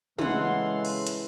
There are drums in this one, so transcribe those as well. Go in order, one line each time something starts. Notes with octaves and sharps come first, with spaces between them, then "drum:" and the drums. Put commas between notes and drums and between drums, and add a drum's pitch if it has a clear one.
C#3 E3 G#3 A4 F5 F#5 C6, drum: tom
drum: cymbal
drum: hi-hat